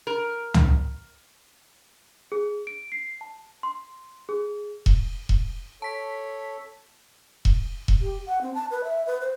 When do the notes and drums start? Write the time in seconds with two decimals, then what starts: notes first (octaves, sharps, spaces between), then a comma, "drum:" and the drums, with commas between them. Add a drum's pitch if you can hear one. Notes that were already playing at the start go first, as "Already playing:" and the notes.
0.07 A#4
0.54 drum: tom
2.32 G#4
2.67 D7
2.92 C7
3.21 A5
3.63 C6
4.29 G#4
4.86 drum: kick E1
5.29 drum: kick E1
5.82 A4 C#5 A5 B6
7.45 drum: kick E1
7.88 drum: kick E1
8.01 G4
8.26 F#5
8.41 C4
8.54 A5
8.71 B4
8.84 E5
9.06 B4
9.21 C5